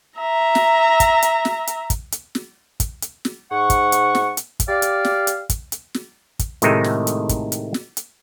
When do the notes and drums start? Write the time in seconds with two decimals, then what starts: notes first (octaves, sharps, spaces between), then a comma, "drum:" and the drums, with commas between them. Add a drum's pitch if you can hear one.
0.18 E5 A#5
0.55 drum: snare
1.00 drum: kick, hi-hat
1.22 drum: hi-hat
1.45 drum: snare
1.67 drum: hi-hat
1.90 drum: kick, hi-hat
2.12 drum: hi-hat
2.35 drum: snare
2.80 drum: kick, hi-hat
3.02 drum: hi-hat
3.25 drum: snare
3.52 G#2 F#5 C#6
3.70 drum: kick, hi-hat
3.92 drum: hi-hat
4.15 drum: snare
4.37 drum: hi-hat
4.60 drum: kick, hi-hat
4.69 G4 D5 F5
4.82 drum: hi-hat
5.05 drum: snare
5.27 drum: hi-hat
5.50 drum: kick, hi-hat
5.72 drum: hi-hat
5.94 drum: snare
6.39 drum: kick, hi-hat
6.62 A2 C3 D#3 G#3 A3 D#4, drum: hi-hat
6.84 drum: snare
7.07 drum: hi-hat
7.29 drum: kick, hi-hat
7.52 drum: hi-hat
7.74 drum: snare
7.97 drum: hi-hat